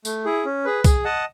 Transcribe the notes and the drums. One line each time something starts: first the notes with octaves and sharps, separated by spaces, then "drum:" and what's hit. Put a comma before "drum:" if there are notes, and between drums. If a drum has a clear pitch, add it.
A3, drum: tambourine
E4 G#4
C#4
G#4 B4
G#4, drum: kick C2, tambourine
D#5 F#5 A5